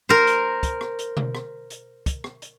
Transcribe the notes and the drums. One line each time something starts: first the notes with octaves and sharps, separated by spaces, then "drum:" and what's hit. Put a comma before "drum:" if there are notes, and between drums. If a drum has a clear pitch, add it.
A#4 C5
drum: hi-hat
drum: kick, hi-hat
drum: rim click
drum: hi-hat
drum: tom B2
drum: rim click
drum: hi-hat
drum: kick, hi-hat
drum: rim click
drum: hi-hat